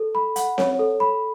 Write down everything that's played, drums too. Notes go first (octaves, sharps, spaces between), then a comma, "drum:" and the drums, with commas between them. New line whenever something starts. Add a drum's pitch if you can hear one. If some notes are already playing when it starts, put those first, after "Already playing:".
Already playing: A4
B5
F#5, drum: hi-hat
C#5, drum: snare C4
A4
B5